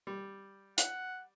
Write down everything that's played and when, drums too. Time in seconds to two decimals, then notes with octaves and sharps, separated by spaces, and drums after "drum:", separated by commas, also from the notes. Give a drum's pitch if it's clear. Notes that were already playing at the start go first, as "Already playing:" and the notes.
0.07 G3
0.78 F#5, drum: hi-hat